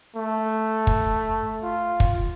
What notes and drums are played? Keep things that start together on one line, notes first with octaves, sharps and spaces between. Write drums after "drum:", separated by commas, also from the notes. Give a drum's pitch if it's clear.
A3
drum: kick
F4
drum: kick